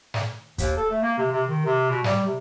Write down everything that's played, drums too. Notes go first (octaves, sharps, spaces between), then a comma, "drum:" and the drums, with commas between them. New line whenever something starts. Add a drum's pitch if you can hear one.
drum: snare
D#2, drum: kick, hi-hat
A4
A3
A#3
C3
C3
D#3
C3
B2
G3, drum: snare
C3